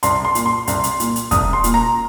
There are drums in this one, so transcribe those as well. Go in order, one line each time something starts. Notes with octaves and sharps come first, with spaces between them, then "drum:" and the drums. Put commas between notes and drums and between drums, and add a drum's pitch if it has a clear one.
C2 C6, drum: hi-hat
C6
A#2, drum: hi-hat
C6
C2, drum: hi-hat
drum: hi-hat
A#2, drum: hi-hat
drum: hi-hat
C2 D#6, drum: kick, hi-hat
C6
A#2, drum: hi-hat
A#5